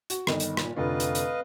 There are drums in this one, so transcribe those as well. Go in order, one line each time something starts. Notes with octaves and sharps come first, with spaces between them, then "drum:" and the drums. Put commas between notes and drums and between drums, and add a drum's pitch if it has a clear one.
F#4, drum: hi-hat
G1 D#3 D#5, drum: rim click
drum: hi-hat
A#2, drum: rim click
F1 D3 F4 B4 D#5 F5
drum: hi-hat
drum: hi-hat